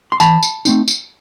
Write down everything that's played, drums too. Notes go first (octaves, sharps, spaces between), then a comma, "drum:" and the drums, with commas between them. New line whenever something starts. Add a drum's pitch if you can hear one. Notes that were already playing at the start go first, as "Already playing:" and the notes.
C6
E3 A5 B5, drum: tambourine
drum: tambourine
A3 C4 D#4, drum: tambourine
drum: tambourine